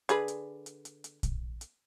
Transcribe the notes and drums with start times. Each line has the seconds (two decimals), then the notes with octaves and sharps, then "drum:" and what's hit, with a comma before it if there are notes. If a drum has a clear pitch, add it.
0.09 D3 G#4 B4, drum: hi-hat
0.28 drum: hi-hat
0.66 drum: hi-hat
0.85 drum: hi-hat
1.04 drum: hi-hat
1.23 drum: kick A#1, hi-hat
1.61 drum: hi-hat